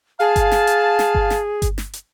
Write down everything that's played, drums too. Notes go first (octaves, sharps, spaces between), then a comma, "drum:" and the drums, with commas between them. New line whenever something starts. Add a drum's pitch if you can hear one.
G#4 F5 A5
drum: kick G1, hi-hat
drum: snare
drum: hi-hat
drum: snare
drum: kick G1
drum: snare
drum: kick G1, hi-hat
drum: snare
drum: hi-hat